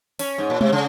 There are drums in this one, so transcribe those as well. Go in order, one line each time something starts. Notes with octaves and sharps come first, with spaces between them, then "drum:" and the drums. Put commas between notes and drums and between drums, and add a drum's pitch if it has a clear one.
C#4, drum: open hi-hat
G#2
A#2
C3, drum: tom G#3
C#3